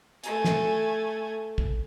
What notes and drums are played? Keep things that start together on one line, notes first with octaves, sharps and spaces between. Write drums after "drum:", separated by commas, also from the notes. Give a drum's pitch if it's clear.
A3 G#5, drum: hi-hat
drum: snare
drum: kick